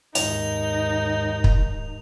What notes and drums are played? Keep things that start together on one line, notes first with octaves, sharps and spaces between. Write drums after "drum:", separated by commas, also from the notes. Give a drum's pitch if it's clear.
D#2 G#2 D#4 F7, drum: hi-hat
drum: kick